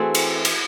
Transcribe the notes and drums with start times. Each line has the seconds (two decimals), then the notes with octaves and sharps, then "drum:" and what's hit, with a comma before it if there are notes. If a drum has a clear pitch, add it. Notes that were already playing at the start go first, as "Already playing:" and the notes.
Already playing: E3 A3 C4 F#4 G#4
0.15 drum: cymbal
0.45 drum: cymbal